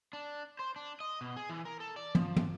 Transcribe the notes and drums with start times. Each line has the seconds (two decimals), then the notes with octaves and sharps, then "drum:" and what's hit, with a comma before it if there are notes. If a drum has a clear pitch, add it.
0.13 D4
0.59 C5
0.76 D4
1.00 D#5
1.21 B2
1.36 G#4
1.50 E3
1.65 A#4
1.80 A4
1.96 D5
2.15 F3, drum: tom
2.36 drum: tom